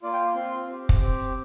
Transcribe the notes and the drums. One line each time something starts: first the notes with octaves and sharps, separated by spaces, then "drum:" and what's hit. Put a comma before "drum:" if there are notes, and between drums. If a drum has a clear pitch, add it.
A#3 F4 D5
G5
C4 F4 C6
C4 G4
drum: kick
C4 G4 D6